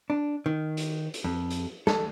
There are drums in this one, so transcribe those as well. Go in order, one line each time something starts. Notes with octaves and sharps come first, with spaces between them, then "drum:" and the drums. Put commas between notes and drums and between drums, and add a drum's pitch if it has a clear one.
D4
D#3
drum: hi-hat
drum: hi-hat
F2
drum: hi-hat
A4, drum: snare